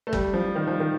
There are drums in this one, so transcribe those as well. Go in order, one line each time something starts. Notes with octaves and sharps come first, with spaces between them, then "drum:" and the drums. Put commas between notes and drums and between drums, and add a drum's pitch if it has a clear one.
A3
G3, drum: kick G1
F3
D#3
F3
D#3